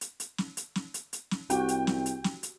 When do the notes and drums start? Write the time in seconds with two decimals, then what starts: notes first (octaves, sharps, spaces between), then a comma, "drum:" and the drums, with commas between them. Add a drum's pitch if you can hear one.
0.01 drum: hi-hat
0.20 drum: hi-hat
0.38 drum: snare
0.57 drum: hi-hat
0.75 drum: snare
0.94 drum: hi-hat
1.13 drum: hi-hat
1.31 drum: snare
1.50 C2 F#4 G4 G5, drum: hi-hat
1.68 drum: hi-hat
1.87 drum: snare
2.06 drum: hi-hat
2.24 drum: snare
2.43 drum: hi-hat